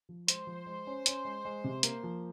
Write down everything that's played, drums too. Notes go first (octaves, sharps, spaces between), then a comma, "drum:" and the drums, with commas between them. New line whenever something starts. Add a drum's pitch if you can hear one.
F3
G#3 C5, drum: hi-hat
F3
G#3
C#4
C#4, drum: hi-hat
G#3
G#3
C3
A#3, drum: hi-hat
F3